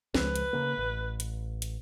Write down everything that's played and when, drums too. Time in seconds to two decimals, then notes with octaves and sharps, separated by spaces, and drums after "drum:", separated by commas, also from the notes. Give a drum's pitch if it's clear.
0.14 C#2 F3 G#3 B4, drum: snare
0.36 drum: hi-hat
0.53 C#3 A#3
0.78 A1
1.20 drum: hi-hat
1.62 drum: hi-hat